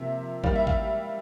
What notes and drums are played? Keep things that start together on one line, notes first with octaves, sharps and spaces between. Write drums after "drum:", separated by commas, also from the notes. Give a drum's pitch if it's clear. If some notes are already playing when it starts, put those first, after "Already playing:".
Already playing: C3 F3 A#3 E5
D#3 G3 A#3 F5, drum: kick G#1
E5
F5, drum: kick G#1